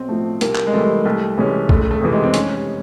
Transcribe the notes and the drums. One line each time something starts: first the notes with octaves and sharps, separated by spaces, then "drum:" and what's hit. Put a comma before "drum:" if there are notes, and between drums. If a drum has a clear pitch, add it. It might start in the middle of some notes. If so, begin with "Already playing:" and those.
Already playing: B1 C4
A2 F3 A3
C2 A#3, drum: hi-hat
drum: clap
G#3
C3 E3 G3 A3
C2 A3
C3 E3 G#3 C#4
F#1 A3, drum: kick
A3
F2 C3 E3
G#3
C4
F1 C#4, drum: hi-hat